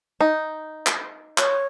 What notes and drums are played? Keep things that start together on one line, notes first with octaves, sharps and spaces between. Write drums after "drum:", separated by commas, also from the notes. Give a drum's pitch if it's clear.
D#4
drum: clap
C#5, drum: clap